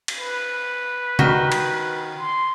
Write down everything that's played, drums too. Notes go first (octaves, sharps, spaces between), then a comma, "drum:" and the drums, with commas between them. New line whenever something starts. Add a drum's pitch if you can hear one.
drum: cymbal
B4
D#3 F#4, drum: tom C3
drum: cymbal
C6